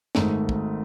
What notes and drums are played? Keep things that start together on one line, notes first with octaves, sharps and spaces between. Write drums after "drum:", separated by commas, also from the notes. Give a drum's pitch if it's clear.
G#1 G#2 D#3 A3, drum: snare
drum: kick